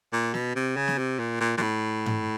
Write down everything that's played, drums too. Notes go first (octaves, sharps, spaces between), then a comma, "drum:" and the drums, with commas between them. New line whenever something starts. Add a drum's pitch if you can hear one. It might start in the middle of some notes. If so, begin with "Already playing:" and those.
A#2
B2, drum: snare
C3
C#3
drum: snare
C3
A#2
A#2
A#2, drum: snare
A2
drum: tom G#2